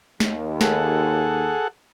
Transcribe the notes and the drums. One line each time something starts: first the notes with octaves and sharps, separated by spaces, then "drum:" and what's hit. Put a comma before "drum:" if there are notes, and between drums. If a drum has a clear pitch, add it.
D#2, drum: snare
G#4 A4 F#5, drum: snare